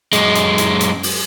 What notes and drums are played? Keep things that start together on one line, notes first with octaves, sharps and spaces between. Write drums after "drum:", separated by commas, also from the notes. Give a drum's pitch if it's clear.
F#2 G#3, drum: hi-hat
drum: hi-hat
drum: hi-hat
drum: hi-hat
drum: open hi-hat